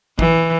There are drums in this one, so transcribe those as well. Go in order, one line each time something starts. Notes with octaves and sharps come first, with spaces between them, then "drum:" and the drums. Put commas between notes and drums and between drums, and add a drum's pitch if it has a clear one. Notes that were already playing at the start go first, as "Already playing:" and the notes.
E3, drum: kick